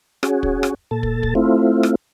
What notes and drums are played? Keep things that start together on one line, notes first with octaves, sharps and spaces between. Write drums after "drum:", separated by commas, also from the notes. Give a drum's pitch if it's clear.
C#4 F#4 G#4, drum: rim click
drum: kick
drum: rim click
A#2 A4 A5
drum: kick
drum: kick
A3 C4 E4 F4
drum: rim click